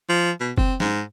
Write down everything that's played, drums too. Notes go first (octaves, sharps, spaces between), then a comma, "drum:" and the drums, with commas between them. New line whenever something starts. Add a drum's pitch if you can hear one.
F3
B2
C4, drum: kick
G#2, drum: snare